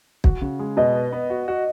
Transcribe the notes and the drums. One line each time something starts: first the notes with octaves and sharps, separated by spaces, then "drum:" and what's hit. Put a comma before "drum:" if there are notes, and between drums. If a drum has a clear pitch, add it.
F#4, drum: kick
C#3
G#3
B2 D#5
B3
B3
F#4
F#4